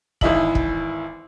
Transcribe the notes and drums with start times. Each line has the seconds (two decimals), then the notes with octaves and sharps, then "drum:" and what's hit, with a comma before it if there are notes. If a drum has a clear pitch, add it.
0.21 G#1 E3 E4 D#5 E5 F#7, drum: kick
0.55 drum: kick